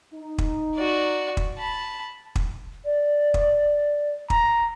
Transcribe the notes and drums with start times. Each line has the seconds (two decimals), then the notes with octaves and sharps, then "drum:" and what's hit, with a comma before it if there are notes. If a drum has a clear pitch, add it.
0.14 D#4
0.38 drum: kick
0.75 F#4 D5
1.37 drum: kick
1.58 A5 B5
2.36 drum: kick
2.85 D5
3.34 drum: kick
4.30 A#5, drum: kick